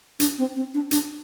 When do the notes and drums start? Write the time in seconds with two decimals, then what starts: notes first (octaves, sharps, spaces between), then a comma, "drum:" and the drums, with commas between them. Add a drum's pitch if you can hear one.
0.20 D4, drum: hi-hat
0.38 C4
0.56 C4
0.74 D4
0.91 D4, drum: hi-hat